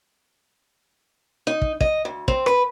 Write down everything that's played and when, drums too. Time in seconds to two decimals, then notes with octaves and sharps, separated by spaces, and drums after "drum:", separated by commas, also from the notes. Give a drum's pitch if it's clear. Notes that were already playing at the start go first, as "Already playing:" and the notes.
1.47 D#4
1.62 drum: kick
1.81 D#5, drum: kick
2.05 D2
2.28 C4, drum: kick
2.46 B4, drum: rim click